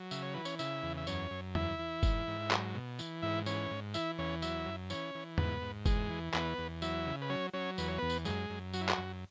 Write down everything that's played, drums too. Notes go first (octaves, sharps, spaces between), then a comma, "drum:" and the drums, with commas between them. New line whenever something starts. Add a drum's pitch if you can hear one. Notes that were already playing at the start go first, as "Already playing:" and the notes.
Already playing: F#3
C#3 E5, drum: tambourine
C#5
E3 B4
C#4 C#5, drum: tambourine
C#3 E4 E5, drum: tambourine
E2
E5
F#2 C#4 C#5, drum: tambourine
F#2
E3 E4 E5, drum: tom E2
E3
G#2, drum: kick F#1, tambourine
G#2
F#3, drum: clap
B2
E3, drum: tambourine
G#2 E4 E5
E3 C#4 C#5, drum: tambourine
G#2
E3 E4 E5, drum: tambourine
E2 C#4 C#5
F#3 E4 E5, drum: tambourine
F#2
E3 C#4 C#5, drum: tambourine
E3
G#2 B3 B4, drum: tom E2
G#2
E2 G#3 G#4, drum: kick F#1, tambourine
E3
E2 B3 B4, drum: clap
E2
F#3 E4 E5, drum: tambourine
C#3
B4
F#3 C#4 C#5
F#3 C#4 C#5
E2 B4, drum: tambourine
C#5
E2 B3 B4
drum: tambourine
F#2 G#3 G#4, drum: tambourine
F#2
F#3 F#4, drum: tambourine
E4
F#4, drum: clap
F#2